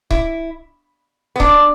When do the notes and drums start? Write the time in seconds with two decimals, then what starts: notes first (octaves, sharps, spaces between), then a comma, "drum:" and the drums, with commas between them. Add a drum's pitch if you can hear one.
0.11 E4, drum: kick C#1
1.36 B3
1.40 D4, drum: kick C#1